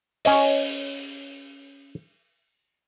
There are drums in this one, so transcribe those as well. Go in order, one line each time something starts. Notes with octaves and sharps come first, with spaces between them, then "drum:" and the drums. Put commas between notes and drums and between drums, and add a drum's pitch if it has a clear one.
C#4 C#5 D#5, drum: open hi-hat